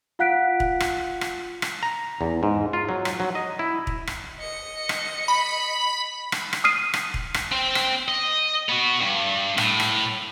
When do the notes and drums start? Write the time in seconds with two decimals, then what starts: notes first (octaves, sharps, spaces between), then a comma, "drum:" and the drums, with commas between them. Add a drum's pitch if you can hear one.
0.19 F4 F5 F#5 F#6 B6 D7
0.60 drum: kick E1
0.80 drum: rim click
1.21 drum: rim click
1.62 drum: rim click
1.83 A#5
2.21 E2
2.43 G#2
2.73 F4
2.89 F#3
3.05 drum: rim click
3.20 F#3
3.35 D#5
3.59 E4
3.87 drum: kick E1
4.07 drum: rim click
4.41 D#5 C#7
4.89 drum: rim click
5.28 B5
6.32 drum: rim click
6.53 drum: rim click
6.64 D#6 F6 C7 D#7
6.94 drum: rim click
7.14 drum: kick E1
7.34 drum: rim click
7.52 C4 G5
7.75 drum: rim click
8.08 D#5
8.69 B3 F#4
9.01 G2
9.58 A2, drum: rim click
9.80 drum: rim click